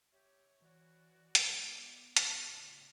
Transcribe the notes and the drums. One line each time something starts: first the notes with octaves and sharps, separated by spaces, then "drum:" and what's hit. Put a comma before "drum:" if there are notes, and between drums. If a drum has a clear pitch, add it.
G4 C#5 E5
E3 F#4 D5 C#6
G#3 B3 D#5 F5 D6, drum: hi-hat
G#4 A4, drum: hi-hat
A2 C#3 F4 D5 C6